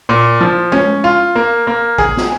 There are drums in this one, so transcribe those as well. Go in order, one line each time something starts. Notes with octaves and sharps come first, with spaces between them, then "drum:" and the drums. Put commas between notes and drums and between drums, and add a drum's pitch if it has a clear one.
A#2
F3
C#4, drum: tom G#3
F4
A#3
A#3
G#4, drum: kick
drum: snare